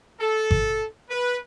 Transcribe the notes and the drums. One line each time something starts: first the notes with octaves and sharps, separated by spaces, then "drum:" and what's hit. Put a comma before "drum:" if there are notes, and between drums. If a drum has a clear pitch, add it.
A4
drum: kick G#1
B4